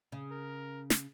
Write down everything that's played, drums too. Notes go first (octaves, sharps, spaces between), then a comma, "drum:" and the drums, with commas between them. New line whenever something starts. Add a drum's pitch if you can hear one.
C#3
A#4
drum: snare